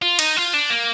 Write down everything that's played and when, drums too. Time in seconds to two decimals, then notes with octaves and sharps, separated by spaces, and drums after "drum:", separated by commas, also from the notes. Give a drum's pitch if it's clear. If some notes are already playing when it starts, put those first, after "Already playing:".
0.02 F4
0.19 D#4, drum: cymbal
0.37 F4
0.53 D4
0.70 A#3